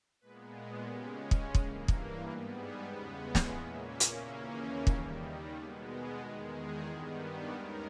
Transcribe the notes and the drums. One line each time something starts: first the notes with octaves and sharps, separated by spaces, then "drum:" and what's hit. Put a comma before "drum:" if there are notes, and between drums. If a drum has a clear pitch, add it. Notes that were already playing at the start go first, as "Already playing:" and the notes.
A#2 G#3 B3 B4
A#4
C#3 G#3 C#4 G4
drum: kick
G2 E3 A#3 G#4, drum: kick
A#4, drum: kick
G#2 G3 B3 B4
G#4
E2 C#3 G#3 B3
C#5
drum: snare
A#2 A#3 C#4 E5
E5
drum: hi-hat
D#2 C#3 E3 A#3 C#4 E5
D#5
D#2 D#3 G3 E5, drum: kick
D#5
B2 G#3 B3 B4
A#4
E2 D#3 G#3 G#4
G#4
G2 D#3 G3 B3
D#2 D#3 G#3 C#4 A#4